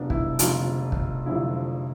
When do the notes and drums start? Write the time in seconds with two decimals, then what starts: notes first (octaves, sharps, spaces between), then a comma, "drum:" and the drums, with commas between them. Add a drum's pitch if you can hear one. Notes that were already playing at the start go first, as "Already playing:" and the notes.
Already playing: F1 D3 F3 B3 D4
0.10 E4, drum: kick
0.39 F1 F2 D3 F3 F4, drum: hi-hat
0.92 drum: kick
1.26 F1 F2 D3 F3 E4